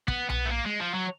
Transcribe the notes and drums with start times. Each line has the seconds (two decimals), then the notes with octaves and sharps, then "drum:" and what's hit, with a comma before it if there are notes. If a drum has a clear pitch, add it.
0.08 B3, drum: kick
0.29 B3, drum: tom B1
0.45 A3
0.51 A#3
0.66 G#3
0.80 F3
0.94 F#3